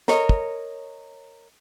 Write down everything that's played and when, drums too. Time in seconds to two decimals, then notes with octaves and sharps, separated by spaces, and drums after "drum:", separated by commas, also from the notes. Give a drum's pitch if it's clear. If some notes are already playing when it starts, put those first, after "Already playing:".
0.08 A#4 C#5 D#5, drum: snare
0.29 drum: kick